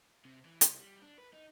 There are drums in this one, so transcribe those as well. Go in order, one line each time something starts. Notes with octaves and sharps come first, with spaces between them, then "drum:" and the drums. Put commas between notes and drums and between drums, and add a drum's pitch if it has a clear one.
C3
E3
C2, drum: hi-hat
G3
D4
B4
D#4